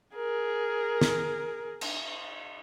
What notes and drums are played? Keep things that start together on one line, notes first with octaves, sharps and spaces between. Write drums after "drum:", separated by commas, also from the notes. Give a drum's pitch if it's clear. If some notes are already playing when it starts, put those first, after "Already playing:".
G#4 A#4
drum: snare
drum: cymbal